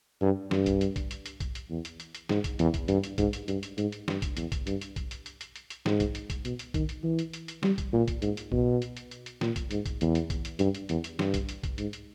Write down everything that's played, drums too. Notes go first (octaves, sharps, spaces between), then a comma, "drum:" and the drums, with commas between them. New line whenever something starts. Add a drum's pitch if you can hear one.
G2
G2, drum: snare
drum: kick B1, hi-hat
drum: hi-hat
drum: kick B1, hi-hat
drum: hi-hat
drum: hi-hat
drum: kick B1, hi-hat
drum: hi-hat
E2
drum: hi-hat
drum: hi-hat
drum: hi-hat
G#2, drum: snare
drum: kick B1, hi-hat
E2, drum: hi-hat
drum: kick B1, hi-hat
G2, drum: hi-hat
drum: hi-hat
G#2, drum: kick B1, hi-hat
drum: hi-hat
G2, drum: hi-hat
drum: hi-hat
G#2, drum: hi-hat
drum: hi-hat
G2, drum: snare
drum: kick B1, hi-hat
E2, drum: hi-hat
drum: kick B1, hi-hat
G2, drum: hi-hat
drum: hi-hat
drum: kick B1, hi-hat
drum: hi-hat
drum: hi-hat
drum: hi-hat
drum: hi-hat
drum: hi-hat
G#2, drum: snare
drum: kick B1, hi-hat
drum: hi-hat
drum: kick B1, hi-hat
B2, drum: hi-hat
drum: hi-hat
D#3, drum: kick B1, hi-hat
drum: hi-hat
E3
drum: hi-hat
drum: hi-hat
drum: hi-hat
G3, drum: snare
drum: kick B1, hi-hat
A#2
drum: kick B1, hi-hat
G#2, drum: hi-hat
drum: hi-hat
B2, drum: kick B1
drum: hi-hat
drum: hi-hat
drum: hi-hat
drum: hi-hat
A#2, drum: snare
drum: kick B1, hi-hat
G#2, drum: hi-hat
drum: kick B1, hi-hat
E2, drum: hi-hat
drum: hi-hat
drum: kick B1, hi-hat
drum: hi-hat
G2, drum: hi-hat
drum: hi-hat
E2, drum: hi-hat
drum: hi-hat
G2, drum: snare
drum: kick B1, hi-hat
drum: hi-hat
drum: kick B1, hi-hat
G#2, drum: hi-hat
drum: hi-hat